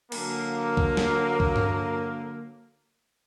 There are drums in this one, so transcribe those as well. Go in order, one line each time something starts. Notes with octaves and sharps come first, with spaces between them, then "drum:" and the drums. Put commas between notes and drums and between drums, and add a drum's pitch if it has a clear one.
D3 F#3 A#3, drum: cymbal
drum: kick
drum: snare
drum: kick
drum: tom G2